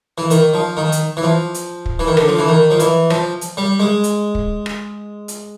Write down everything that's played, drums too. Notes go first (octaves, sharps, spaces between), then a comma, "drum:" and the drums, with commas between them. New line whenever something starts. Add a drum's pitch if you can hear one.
E3
D#3, drum: hi-hat
F3
D#3
drum: hi-hat
E3
F3
drum: hi-hat
drum: kick
E3
D#3
D3, drum: rim click
F3
E3
D#3
F3
E3, drum: hi-hat
F3, drum: rim click
drum: hi-hat
G3
G#3
drum: hi-hat
drum: kick
drum: rim click
drum: hi-hat